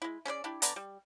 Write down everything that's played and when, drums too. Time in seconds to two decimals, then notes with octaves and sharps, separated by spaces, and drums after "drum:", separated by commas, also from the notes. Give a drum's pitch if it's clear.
0.02 G#3 E4
0.25 C#4 G#4 C5 D5
0.44 D4 E4 G4
0.62 D3 B3 D5 A#5, drum: hi-hat
0.76 G3